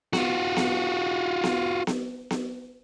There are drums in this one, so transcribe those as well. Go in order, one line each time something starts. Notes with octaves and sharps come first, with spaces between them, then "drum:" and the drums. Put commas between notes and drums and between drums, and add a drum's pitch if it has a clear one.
F4 F#4, drum: snare B3
drum: snare B3
drum: snare B3
drum: snare B3
drum: snare B3